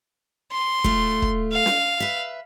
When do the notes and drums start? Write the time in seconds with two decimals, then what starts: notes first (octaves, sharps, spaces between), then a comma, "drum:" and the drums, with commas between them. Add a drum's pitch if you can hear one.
0.53 C6
0.84 A3 F4, drum: kick
1.22 drum: kick
1.53 F5
1.66 drum: snare
2.00 B4 E5